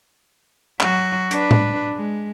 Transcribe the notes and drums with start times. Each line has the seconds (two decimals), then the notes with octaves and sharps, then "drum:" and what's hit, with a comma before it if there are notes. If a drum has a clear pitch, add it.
0.80 F#3 F#4, drum: clap
1.31 D4 B4, drum: hi-hat
1.51 drum: tom
1.96 G#3